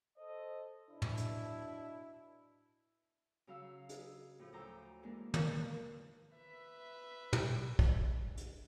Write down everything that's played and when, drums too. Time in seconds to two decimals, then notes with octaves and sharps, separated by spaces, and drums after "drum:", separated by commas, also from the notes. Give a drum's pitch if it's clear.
0.17 A4 C5 D#5
0.90 B2 D4 E4
1.02 drum: tom
1.17 drum: hi-hat
3.47 C#3 F#3 F5 E6
3.89 G#4, drum: hi-hat
4.39 A2 F3
4.53 D2 F#3 G5 A#5 D6 E6
5.03 E3 G#3 A#3 D4 D#4
5.34 A#3 B3 D#4 A#4 B4 F5, drum: tom
6.36 B4 E5
7.33 drum: tom
7.79 drum: kick
8.38 drum: hi-hat